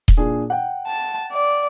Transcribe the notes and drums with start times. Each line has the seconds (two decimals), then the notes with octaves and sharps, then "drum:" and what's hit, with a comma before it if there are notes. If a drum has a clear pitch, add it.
0.08 drum: kick D#1
0.17 A#2 D4 G#4
0.50 F#5 G5
0.87 A5
1.32 D5